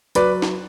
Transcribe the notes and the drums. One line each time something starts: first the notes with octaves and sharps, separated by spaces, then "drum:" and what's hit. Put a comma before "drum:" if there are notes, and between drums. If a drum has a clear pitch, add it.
F#3 B4 D5, drum: hi-hat
drum: snare